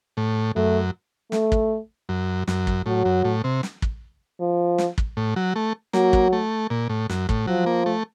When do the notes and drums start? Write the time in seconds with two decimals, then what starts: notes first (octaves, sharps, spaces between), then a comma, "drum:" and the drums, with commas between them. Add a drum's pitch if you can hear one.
0.17 A2
0.56 F#2 A3
1.32 A3, drum: snare
1.52 drum: kick
2.09 F#2
2.48 F#2, drum: snare
2.67 drum: kick
2.86 A2 F#3
3.05 F#2
3.25 A2
3.44 C3
3.63 drum: snare
3.82 drum: kick
4.40 F3
4.78 drum: snare
4.98 drum: kick
5.17 A2
5.36 F#3
5.56 A3
5.93 F#3 A#3, drum: snare
6.13 drum: kick
6.33 A3
6.70 A#2
6.89 A2
7.10 F#2, drum: snare
7.29 A2, drum: kick
7.47 F3 F#3
7.66 A#3
7.86 A3